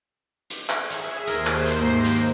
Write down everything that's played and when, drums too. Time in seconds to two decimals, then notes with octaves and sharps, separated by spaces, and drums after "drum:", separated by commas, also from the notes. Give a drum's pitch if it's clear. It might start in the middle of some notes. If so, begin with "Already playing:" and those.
0.50 drum: hi-hat
0.69 drum: clap
0.90 G#4 C#5 E5, drum: hi-hat
1.27 D#2 A#4 C5, drum: hi-hat
1.47 drum: clap
1.66 drum: hi-hat
1.77 G#2 A#3
2.04 drum: hi-hat